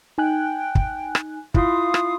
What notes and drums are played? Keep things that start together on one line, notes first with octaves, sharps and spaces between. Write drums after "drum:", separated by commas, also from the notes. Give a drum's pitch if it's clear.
D#4 G5 G#5 F#6
drum: kick
drum: rim click
E4 F4 F5 C6 D#6, drum: kick
drum: rim click